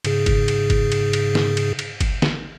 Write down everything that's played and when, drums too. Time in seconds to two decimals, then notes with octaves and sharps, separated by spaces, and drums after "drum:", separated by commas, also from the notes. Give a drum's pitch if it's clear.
0.05 G#2 C#3 G#4, drum: cymbal
0.26 drum: kick G1, cymbal
0.48 drum: cymbal
0.70 drum: kick G1, cymbal
0.92 drum: cymbal
1.13 drum: cymbal
1.35 drum: snare
1.57 drum: cymbal
1.79 drum: cymbal
2.01 drum: kick G1, cymbal
2.22 drum: snare